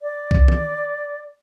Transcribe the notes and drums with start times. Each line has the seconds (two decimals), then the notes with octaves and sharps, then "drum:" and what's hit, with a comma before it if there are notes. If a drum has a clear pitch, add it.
0.01 D5
0.31 drum: kick C2
0.48 drum: tom D#3